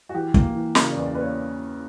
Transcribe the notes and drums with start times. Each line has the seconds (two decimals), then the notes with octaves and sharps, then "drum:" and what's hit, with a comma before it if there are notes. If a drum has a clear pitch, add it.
0.09 F#4
0.14 E3 G4
0.34 A#3, drum: kick
0.55 E3
0.75 C#3 A#4, drum: snare
0.91 E2 D5
1.06 D5
1.15 A#3 B4
1.21 C#5